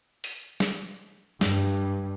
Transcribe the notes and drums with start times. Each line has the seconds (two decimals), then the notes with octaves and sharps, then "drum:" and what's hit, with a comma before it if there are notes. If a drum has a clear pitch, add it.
0.24 drum: open hi-hat
0.60 drum: snare
1.41 G2, drum: snare